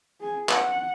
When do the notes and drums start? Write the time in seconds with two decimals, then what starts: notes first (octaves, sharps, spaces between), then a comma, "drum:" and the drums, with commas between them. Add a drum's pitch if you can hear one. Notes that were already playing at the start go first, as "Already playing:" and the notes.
0.21 G#4 G#5
0.49 F#5, drum: clap